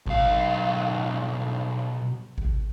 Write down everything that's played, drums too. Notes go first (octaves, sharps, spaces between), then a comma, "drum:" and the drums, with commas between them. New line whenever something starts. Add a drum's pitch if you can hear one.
B1 F5, drum: kick G#1
drum: kick G#1